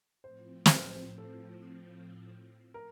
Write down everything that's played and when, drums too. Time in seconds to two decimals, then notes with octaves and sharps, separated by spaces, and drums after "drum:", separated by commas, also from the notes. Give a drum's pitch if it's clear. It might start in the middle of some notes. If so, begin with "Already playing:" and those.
0.23 A2 F3 C4 C5
0.66 drum: snare
0.86 C5
1.18 A4
2.74 A#4